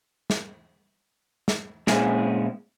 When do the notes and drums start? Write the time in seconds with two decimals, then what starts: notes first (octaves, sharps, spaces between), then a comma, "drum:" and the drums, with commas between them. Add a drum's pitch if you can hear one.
0.30 drum: snare
1.48 drum: snare
1.87 A#2 G#3 C4 C#4 E4 G#4, drum: snare